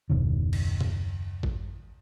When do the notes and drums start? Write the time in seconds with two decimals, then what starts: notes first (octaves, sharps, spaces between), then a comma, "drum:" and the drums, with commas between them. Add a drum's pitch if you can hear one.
0.10 F#1 D#2 B2 D#3
0.53 drum: cymbal
0.81 drum: tom
1.43 drum: kick